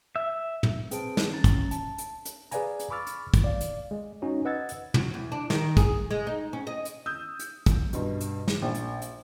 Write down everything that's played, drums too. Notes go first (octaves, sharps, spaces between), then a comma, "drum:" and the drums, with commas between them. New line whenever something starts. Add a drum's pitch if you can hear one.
E5
drum: tom
C4 G#4 B4 C5 A5 D7, drum: hi-hat
drum: snare
C#4 A#5 A6
drum: kick, hi-hat
A5, drum: hi-hat
drum: hi-hat
drum: hi-hat
G#4 B4 D5 F5 G#5 A#5, drum: hi-hat
drum: hi-hat
B5 C#6 D6 E6 F6 A6
drum: hi-hat
drum: kick, hi-hat
D5 F5
drum: hi-hat
G#3
C#4 D#4 F#4
B4 D#5 F#5 E6 G#6 A6
drum: hi-hat
F#3, drum: tom
E2
D4
D#3, drum: snare
G#4, drum: kick, hi-hat
G#3
D#4
C#4
D#5
drum: hi-hat
D#6 E6 G6
drum: hi-hat
drum: kick, hi-hat
G2 B2, drum: hi-hat
drum: hi-hat
drum: snare
A#1
drum: hi-hat
drum: hi-hat